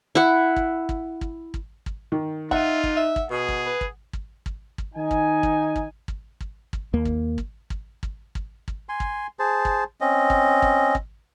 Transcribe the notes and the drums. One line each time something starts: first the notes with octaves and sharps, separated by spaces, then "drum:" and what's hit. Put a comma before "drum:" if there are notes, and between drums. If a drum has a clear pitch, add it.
E4 F#5
drum: kick
drum: kick
drum: kick
drum: kick
drum: kick
D#3
D#4 F4 E5 F#5, drum: kick
drum: kick
E5
drum: kick
B2 G#4
drum: kick
B4
drum: kick
drum: kick
drum: kick
drum: kick
D#3 D#4 G#5
drum: kick
drum: kick
drum: kick
drum: kick
drum: kick
drum: kick
D#2 A#3
drum: kick
drum: kick
drum: kick
drum: kick
drum: kick
drum: kick
G#5 C6
drum: kick
G#4 C5 A5
drum: kick
C4 C#4 D#5
drum: kick
drum: kick
drum: kick